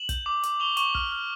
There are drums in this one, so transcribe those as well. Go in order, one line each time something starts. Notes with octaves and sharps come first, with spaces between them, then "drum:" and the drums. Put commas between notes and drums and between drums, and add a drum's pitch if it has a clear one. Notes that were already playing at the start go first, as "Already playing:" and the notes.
Already playing: E7 F#7
G6, drum: kick, hi-hat
D6
D6, drum: hi-hat
C#6 F7 G7
C#6, drum: hi-hat
F6, drum: kick
F6